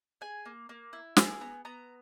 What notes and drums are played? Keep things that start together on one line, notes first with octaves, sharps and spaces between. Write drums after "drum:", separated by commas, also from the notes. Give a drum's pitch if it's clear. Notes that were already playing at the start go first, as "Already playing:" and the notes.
G#4 G#5
A#3
A#3
E4
G#4 E6, drum: snare
B3 A#5
B3 A#5